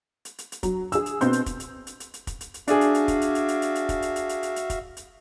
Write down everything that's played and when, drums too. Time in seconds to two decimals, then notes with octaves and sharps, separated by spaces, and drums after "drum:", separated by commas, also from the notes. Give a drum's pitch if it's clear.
0.25 drum: hi-hat
0.38 drum: hi-hat
0.52 drum: hi-hat
0.63 F#3, drum: kick, hi-hat
0.92 G#4 E6, drum: hi-hat
1.06 drum: hi-hat
1.21 B2 B3 C4 C6 G6, drum: hi-hat
1.33 drum: hi-hat
1.46 drum: kick, hi-hat
1.60 drum: hi-hat
1.87 drum: hi-hat
2.00 drum: hi-hat
2.14 drum: hi-hat
2.27 drum: kick, hi-hat
2.41 drum: hi-hat
2.54 drum: hi-hat
2.68 D4 F#4 G#4 E5 F5, drum: hi-hat
2.81 drum: hi-hat
2.95 drum: hi-hat
3.08 drum: kick, hi-hat
3.21 drum: hi-hat
3.35 drum: hi-hat
3.48 drum: hi-hat
3.62 drum: hi-hat
3.75 drum: hi-hat
3.89 drum: kick, hi-hat
4.02 drum: hi-hat
4.16 drum: hi-hat
4.29 drum: hi-hat
4.43 drum: hi-hat
4.56 drum: hi-hat
4.70 drum: kick, hi-hat
4.97 drum: hi-hat